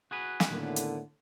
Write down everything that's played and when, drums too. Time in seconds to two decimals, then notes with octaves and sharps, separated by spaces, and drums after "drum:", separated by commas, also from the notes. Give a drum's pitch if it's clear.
0.11 F#4 G#4 B4
0.40 drum: snare
0.50 A2 D3 D#3 A#3 B3
0.76 drum: hi-hat